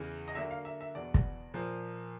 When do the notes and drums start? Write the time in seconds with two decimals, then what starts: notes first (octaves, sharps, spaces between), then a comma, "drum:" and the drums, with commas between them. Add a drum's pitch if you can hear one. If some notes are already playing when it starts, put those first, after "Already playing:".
Already playing: E2 C#3 E3
0.28 D#5
0.35 D3 F#3 A#3 D4 E5
0.51 F5
0.65 E5
0.81 E5
0.94 E2 B2 F#3 B3 D5
1.14 drum: kick
1.54 A#2 F3 A#3